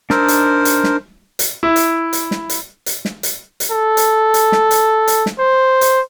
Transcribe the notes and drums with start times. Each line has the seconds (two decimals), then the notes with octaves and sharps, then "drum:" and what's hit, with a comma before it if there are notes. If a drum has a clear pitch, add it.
0.10 D4 D#4 A#4 C5 E6, drum: snare
0.28 drum: hi-hat
0.65 drum: hi-hat
0.84 drum: snare
1.39 drum: hi-hat
1.63 E4
1.76 drum: hi-hat
2.13 drum: hi-hat
2.31 drum: snare
2.50 drum: hi-hat
2.86 drum: hi-hat
3.05 drum: snare
3.23 drum: hi-hat
3.60 drum: hi-hat
3.72 A4
3.97 drum: hi-hat
4.34 drum: hi-hat
4.52 drum: snare
4.71 drum: hi-hat
5.07 drum: hi-hat
5.26 drum: snare
5.39 C5
5.81 drum: hi-hat